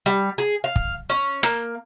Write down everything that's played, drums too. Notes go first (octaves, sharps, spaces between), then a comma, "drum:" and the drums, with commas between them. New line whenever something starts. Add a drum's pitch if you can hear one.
G3
G#4
F5
drum: kick
C#4
A#3, drum: rim click